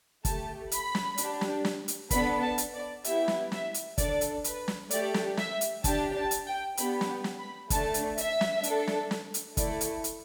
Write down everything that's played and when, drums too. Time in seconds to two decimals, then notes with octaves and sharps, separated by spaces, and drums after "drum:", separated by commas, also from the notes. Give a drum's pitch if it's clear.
0.25 A3 G4 A5, drum: kick, hi-hat
0.72 B5, drum: hi-hat
0.95 drum: snare
1.18 D4 G4, drum: hi-hat
1.41 drum: snare
1.65 drum: snare
1.88 drum: hi-hat
2.11 B3 D4 A4 B5, drum: kick, hi-hat
2.42 A5
2.58 drum: hi-hat
2.73 D5
3.04 B3 E4 G4 E5, drum: hi-hat
3.28 drum: snare
3.52 E5, drum: snare
3.74 drum: hi-hat
3.98 D4 A4 D5, drum: kick, hi-hat
4.21 drum: hi-hat
4.44 B4, drum: hi-hat
4.68 drum: snare
4.91 A3 G4 D5, drum: hi-hat
5.14 drum: snare
5.37 E5, drum: snare
5.61 drum: hi-hat
5.84 D4 G4 A5, drum: kick, hi-hat
6.15 A5
6.31 drum: hi-hat
6.46 G5
6.77 B3 D4 G4 B5, drum: hi-hat
7.01 drum: snare
7.24 drum: snare
7.39 B5
7.70 A3 D4 A4 A5, drum: kick, hi-hat
7.94 drum: hi-hat
8.18 E5, drum: hi-hat
8.41 drum: snare
8.63 D4 A4, drum: hi-hat
8.87 drum: snare
9.11 drum: snare
9.34 drum: hi-hat
9.57 A3 E4 A4 D5, drum: kick, hi-hat
9.81 drum: hi-hat
10.04 drum: hi-hat